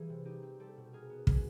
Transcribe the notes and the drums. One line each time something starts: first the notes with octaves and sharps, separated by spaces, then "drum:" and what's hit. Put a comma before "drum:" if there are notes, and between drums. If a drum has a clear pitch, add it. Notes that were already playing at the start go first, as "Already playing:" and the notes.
Already playing: E3 G3 A#3 G#4
C3
D#4 G4
C4
G3 G4 A4
B2
D#4 G#4 A#4
B3
F#3 G#4, drum: kick